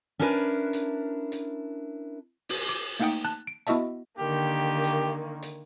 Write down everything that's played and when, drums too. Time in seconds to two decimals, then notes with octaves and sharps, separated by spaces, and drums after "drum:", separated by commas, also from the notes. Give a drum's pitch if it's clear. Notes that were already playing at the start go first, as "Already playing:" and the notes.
0.19 C#4 D4 E4 G4 A#4 B4
0.73 drum: hi-hat
1.32 drum: hi-hat
2.49 drum: open hi-hat
2.69 D6
2.99 A3 A#3 D#4 F#5 G5 D#6
3.25 A5 F#6
3.47 D7
3.67 B3 E4 F#4 D#5 E5 A5, drum: hi-hat
4.19 D3 D#3 A#3 G4
4.84 drum: hi-hat
5.43 drum: hi-hat